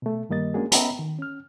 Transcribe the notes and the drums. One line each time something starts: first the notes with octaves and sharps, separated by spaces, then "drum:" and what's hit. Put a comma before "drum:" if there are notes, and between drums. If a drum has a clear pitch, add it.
B2 A3
G2 D#3 G3 A#3 D#5 A6
G#3 A#3 C#4 D4 F#4 G#4
B3 C#4 D#5 E5 A#5 B5, drum: hi-hat
D#3
C#4 F6